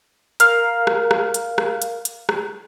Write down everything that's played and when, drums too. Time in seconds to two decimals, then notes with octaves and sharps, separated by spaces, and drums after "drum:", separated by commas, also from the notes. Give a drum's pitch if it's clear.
0.40 A#4 F5, drum: hi-hat
0.87 drum: rim click
1.11 drum: rim click
1.34 drum: hi-hat
1.58 drum: rim click
1.82 drum: hi-hat
2.05 drum: hi-hat
2.29 drum: rim click